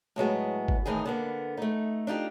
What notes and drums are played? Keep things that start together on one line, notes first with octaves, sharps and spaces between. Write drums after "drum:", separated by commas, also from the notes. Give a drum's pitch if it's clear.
A2 F#3 G#3 B3
drum: kick G1
A2 D#3 E3 D#4 G#4
D3 A#3 B3
A3 D#4
D4 D#4 F4 G4